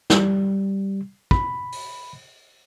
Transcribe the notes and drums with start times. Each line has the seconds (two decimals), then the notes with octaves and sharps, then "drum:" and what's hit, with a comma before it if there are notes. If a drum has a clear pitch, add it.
0.10 G3, drum: snare
1.31 B5, drum: kick
1.72 drum: open hi-hat